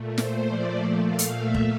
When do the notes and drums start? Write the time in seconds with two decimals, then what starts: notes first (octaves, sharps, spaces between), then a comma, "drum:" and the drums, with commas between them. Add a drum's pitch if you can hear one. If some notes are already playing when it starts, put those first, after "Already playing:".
Already playing: A#2 A3
0.18 C5, drum: snare
0.47 A#2 F3 A3 D5
1.05 A#2 A3 F5
1.19 drum: hi-hat
1.34 E5
1.54 drum: kick